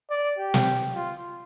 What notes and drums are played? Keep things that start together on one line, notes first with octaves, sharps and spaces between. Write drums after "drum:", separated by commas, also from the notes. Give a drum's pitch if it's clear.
D5
G4
drum: snare
F4